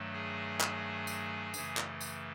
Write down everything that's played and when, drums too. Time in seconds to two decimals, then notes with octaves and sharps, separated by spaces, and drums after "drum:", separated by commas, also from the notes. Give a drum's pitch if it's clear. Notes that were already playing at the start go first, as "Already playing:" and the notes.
Already playing: G2 D#3 F#3 A3
0.13 G#4 G#5
0.60 drum: clap
1.07 drum: tambourine
1.54 F#2 C#3 E3 A3, drum: tambourine
1.77 drum: clap
2.01 drum: tambourine